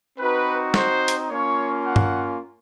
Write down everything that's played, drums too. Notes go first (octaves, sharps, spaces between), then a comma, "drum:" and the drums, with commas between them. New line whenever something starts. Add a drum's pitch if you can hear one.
C4 D#4 F#4 B4
C5, drum: snare
drum: hi-hat
A#3 C#4 F4 C#5
F#5
drum: tom G2